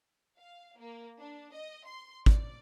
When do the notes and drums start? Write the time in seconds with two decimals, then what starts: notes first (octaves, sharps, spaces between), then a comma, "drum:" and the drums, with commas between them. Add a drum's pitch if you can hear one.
0.38 F5
0.79 A#3
1.20 D4
1.53 D#5
1.87 C6
2.26 D5, drum: kick